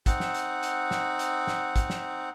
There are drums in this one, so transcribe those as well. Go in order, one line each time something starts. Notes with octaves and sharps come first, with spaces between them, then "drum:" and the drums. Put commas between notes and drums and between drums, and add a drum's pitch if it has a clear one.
C4 D#4 F#5, drum: kick, hi-hat
drum: snare
drum: hi-hat
drum: hi-hat
drum: snare
drum: hi-hat
drum: snare
drum: kick, hi-hat
drum: snare